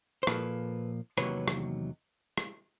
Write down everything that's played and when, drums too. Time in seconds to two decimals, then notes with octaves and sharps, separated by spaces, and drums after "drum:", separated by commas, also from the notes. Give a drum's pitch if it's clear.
0.23 C5
0.27 A#2 F3 A#3 A4 B4, drum: rim click
1.18 E2 C3 D#3 F#3 A#3 B4 C#5, drum: rim click
1.48 drum: rim click
2.38 drum: rim click